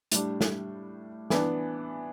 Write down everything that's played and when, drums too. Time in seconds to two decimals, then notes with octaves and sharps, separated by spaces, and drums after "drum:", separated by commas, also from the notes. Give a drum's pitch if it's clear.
0.12 A2 G3 D4, drum: hi-hat
0.41 drum: snare
1.30 E3 B3 D4, drum: snare